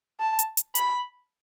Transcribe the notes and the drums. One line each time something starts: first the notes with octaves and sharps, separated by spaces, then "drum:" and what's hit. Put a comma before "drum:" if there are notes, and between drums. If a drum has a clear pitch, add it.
A5
drum: hi-hat
drum: hi-hat
B5, drum: hi-hat